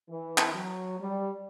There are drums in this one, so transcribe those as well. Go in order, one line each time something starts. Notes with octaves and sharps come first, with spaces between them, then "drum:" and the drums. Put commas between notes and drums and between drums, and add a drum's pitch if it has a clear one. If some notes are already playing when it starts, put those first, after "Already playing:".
E3
drum: clap
F#3
G3